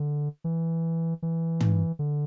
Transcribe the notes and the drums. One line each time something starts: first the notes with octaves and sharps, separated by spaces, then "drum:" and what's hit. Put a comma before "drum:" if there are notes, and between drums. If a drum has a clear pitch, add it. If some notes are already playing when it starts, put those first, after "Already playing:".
Already playing: D3
E3
E3
drum: tom
D3